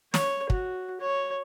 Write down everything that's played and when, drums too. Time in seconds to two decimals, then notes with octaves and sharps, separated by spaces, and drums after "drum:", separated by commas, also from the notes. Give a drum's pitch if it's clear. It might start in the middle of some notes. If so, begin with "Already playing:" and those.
0.14 C#5, drum: snare
0.50 F#4, drum: kick
1.01 C#5